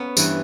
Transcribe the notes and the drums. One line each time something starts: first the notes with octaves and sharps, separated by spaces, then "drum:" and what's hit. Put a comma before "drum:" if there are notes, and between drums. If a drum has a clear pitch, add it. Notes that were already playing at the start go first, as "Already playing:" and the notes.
Already playing: B3 C#4
G2 E3, drum: tambourine